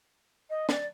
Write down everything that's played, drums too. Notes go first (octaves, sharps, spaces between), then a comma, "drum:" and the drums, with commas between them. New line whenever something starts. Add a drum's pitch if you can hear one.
D#5
D5, drum: snare